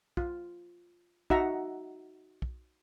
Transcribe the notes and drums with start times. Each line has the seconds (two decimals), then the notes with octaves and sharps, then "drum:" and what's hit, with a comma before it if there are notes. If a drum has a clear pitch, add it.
0.17 F4, drum: kick
1.30 D#4 F#4 E5 F#5 A#5, drum: kick
2.42 drum: kick